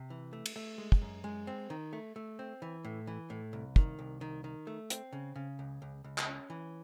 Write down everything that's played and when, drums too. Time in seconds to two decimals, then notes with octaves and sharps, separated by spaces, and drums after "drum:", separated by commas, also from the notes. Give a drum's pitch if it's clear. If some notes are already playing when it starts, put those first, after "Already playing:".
Already playing: C3
0.10 E3
0.33 A3
0.46 drum: cymbal
0.56 A3
0.78 G#3
0.92 drum: kick
1.02 F#2
1.24 G#3
1.47 C4
1.70 D#3
1.93 A3
2.16 A3
2.39 C4
2.62 E3
2.85 A2
3.07 E3
3.30 A2
3.53 C2
3.76 D#3, drum: kick
3.99 C2
4.21 D#3
4.44 D#3
4.67 A3
4.90 C4, drum: hi-hat
5.13 C#3
5.36 C#3
5.59 C#2
5.82 C#2
6.04 C#2
6.18 drum: clap
6.28 C#4
6.50 E3